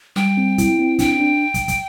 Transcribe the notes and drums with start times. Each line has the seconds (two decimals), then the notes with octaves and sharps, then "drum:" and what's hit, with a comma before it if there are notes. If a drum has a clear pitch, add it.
0.16 G3 G5, drum: snare
0.37 C4
0.58 E4, drum: kick, hi-hat
0.79 C4
0.99 D4 G5, drum: kick, hi-hat
1.20 D4
1.54 drum: kick, hi-hat
1.68 drum: kick, hi-hat